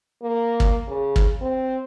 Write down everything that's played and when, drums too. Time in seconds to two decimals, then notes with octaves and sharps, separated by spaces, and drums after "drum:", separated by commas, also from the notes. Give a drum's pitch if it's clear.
0.23 A#3
0.60 drum: kick
0.88 C#3
1.16 drum: kick
1.41 C4